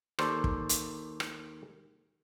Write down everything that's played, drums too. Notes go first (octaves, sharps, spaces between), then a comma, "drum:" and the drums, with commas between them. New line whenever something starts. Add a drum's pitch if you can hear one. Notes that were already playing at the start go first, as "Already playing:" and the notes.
D#2 A4 C5 D5, drum: rim click
drum: kick
drum: hi-hat
drum: rim click